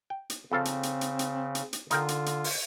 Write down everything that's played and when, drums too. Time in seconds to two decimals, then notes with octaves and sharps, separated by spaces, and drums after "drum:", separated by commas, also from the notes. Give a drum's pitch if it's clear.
0.10 G5
0.30 drum: hi-hat
0.52 F2 C#3 C4 A4 F5
0.65 drum: hi-hat
0.83 drum: hi-hat
1.01 drum: hi-hat
1.19 drum: hi-hat
1.55 drum: hi-hat
1.73 drum: hi-hat
1.91 D3 D#4 F4 A#4 G5, drum: hi-hat
2.08 drum: hi-hat
2.26 drum: hi-hat
2.44 drum: open hi-hat